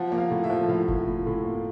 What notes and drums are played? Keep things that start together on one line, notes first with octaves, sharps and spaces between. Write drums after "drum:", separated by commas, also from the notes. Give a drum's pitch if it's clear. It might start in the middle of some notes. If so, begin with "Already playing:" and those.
Already playing: F3 F#5
A#3
F5
A2
E5
F3
A2 F5
A2, drum: kick F#1
A2
A2
A#3